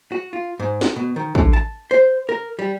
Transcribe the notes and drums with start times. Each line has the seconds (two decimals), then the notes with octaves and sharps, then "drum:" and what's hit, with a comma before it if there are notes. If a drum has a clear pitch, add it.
0.12 F#4
0.33 F4
0.60 G#2
0.81 F#5, drum: snare
0.96 B2
1.16 D#3
1.35 D3, drum: kick
1.53 A5
1.91 C5
2.29 A#4
2.59 G3